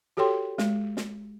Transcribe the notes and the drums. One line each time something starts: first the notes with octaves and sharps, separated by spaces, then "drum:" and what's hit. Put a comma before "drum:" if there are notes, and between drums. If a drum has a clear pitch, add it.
F#4 G4 A4 C#5 G5 C6
G#3, drum: snare
drum: snare